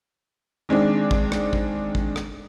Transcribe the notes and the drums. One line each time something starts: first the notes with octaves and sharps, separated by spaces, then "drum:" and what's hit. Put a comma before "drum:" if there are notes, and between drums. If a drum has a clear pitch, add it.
D#3 G#3 C4 D4
drum: kick
drum: rim click
drum: kick
drum: kick
drum: rim click